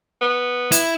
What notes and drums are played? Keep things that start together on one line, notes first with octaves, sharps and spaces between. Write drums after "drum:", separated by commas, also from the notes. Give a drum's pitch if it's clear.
B3
E4, drum: hi-hat